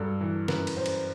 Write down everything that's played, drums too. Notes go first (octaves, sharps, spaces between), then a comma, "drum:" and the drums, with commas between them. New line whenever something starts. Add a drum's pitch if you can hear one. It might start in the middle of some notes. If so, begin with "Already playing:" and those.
Already playing: G2 F#3 A4
E3
F#2 B4, drum: snare
drum: cymbal
F#2 C5
drum: cymbal